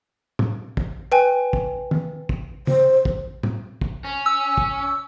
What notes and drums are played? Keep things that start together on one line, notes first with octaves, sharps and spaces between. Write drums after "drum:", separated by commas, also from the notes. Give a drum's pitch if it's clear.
drum: tom
drum: kick
B4 G5 G#5
drum: kick
drum: tom
drum: kick
C5, drum: tom
drum: kick
drum: tom
drum: kick
C#4
E6
drum: kick